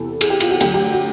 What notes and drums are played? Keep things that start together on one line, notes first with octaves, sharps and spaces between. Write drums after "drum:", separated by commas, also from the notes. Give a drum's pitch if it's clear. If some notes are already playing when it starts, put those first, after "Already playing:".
Already playing: E2 C3 E3 A4
G#4, drum: cymbal
G4
F4, drum: cymbal
F#4
D2 D3 F#3 G4, drum: cymbal
G4
F#4